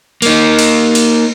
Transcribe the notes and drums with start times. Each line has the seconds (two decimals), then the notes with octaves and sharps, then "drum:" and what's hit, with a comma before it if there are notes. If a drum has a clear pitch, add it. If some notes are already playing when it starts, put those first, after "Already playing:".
0.22 A#3 D#4, drum: cymbal
0.59 drum: cymbal
0.95 drum: cymbal